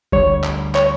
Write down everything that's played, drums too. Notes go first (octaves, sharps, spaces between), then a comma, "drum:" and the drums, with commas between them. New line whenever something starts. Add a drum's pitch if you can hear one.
D2 D3 G3 C#5, drum: kick G1
drum: clap
C#5, drum: clap